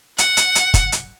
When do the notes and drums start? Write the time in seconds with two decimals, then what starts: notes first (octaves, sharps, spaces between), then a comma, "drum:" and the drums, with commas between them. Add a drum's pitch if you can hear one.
0.18 F#5, drum: hi-hat
0.37 drum: hi-hat
0.55 drum: hi-hat
0.74 drum: kick, hi-hat
0.92 drum: hi-hat